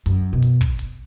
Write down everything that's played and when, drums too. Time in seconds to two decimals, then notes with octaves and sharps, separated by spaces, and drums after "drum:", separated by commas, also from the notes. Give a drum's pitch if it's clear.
0.06 F#2, drum: hi-hat
0.33 B2
0.42 drum: hi-hat
0.61 drum: kick
0.79 drum: hi-hat